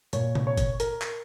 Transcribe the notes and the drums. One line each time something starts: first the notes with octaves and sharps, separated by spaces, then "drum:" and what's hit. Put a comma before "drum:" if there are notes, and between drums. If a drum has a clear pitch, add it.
A#2 C#5, drum: hi-hat
drum: tom C3
C#5
drum: kick G1, hi-hat
A#4, drum: hi-hat
drum: clap